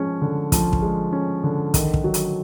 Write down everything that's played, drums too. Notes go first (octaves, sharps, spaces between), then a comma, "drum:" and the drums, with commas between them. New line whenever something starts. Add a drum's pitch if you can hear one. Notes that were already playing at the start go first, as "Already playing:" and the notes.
Already playing: F3 G#3 C#4
D3
F3, drum: kick, hi-hat
drum: kick
G#3
C#4
D3
D#3, drum: kick, hi-hat
drum: kick
F#3
drum: hi-hat